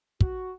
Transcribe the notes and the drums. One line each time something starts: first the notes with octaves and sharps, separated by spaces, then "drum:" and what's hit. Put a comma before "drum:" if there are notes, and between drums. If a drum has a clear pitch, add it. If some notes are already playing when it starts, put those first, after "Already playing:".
F#4, drum: kick